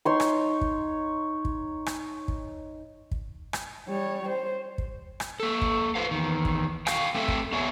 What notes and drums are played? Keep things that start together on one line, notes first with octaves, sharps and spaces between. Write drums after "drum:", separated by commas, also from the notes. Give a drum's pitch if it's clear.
D#4 C#5 C6
drum: rim click
drum: kick
drum: kick
drum: rim click
drum: kick
drum: kick
drum: rim click
G3 C#5
C5
drum: kick
drum: rim click
A#3 A4
drum: kick
F4 B4 C5 F5
E2 D#3
drum: kick
F#4 F5 G5, drum: rim click
A3 C4 A4 E5
drum: kick
B3 F#4 C#5 D5 E5 G#5